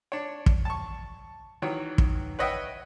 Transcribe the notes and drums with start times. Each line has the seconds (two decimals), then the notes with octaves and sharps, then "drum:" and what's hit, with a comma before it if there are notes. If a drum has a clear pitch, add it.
0.12 D4 C#5
0.46 drum: kick
0.65 A5 C#6
1.62 D#3 E3 F#3 C#5
1.98 drum: kick
2.39 B4 C#5 D#5 E5 F#5 G5